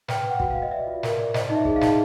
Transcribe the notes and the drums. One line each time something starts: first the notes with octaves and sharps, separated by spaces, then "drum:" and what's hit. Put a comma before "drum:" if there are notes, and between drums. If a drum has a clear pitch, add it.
B4 G5, drum: snare
B4 F#5
F#4, drum: kick
B4 F5
D#5
D5 E5
F4
A#4, drum: snare
D5
C5 D#5, drum: snare
D#4
E5
G#4, drum: kick
F5
D#4, drum: snare